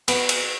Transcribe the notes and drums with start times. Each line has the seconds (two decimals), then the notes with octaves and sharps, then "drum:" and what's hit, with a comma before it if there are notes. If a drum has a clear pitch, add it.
0.08 B3, drum: cymbal
0.29 drum: cymbal